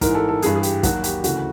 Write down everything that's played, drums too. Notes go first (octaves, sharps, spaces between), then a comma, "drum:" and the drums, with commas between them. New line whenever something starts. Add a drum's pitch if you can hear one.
G#2 E3 A#4, drum: kick, hi-hat
A4
A4
G2 E3 G#4, drum: hi-hat
G#4
G4, drum: hi-hat
D#2 D#3 F#3 F#4, drum: kick, hi-hat
G4, drum: hi-hat
D2 C#3 E3 F#4, drum: hi-hat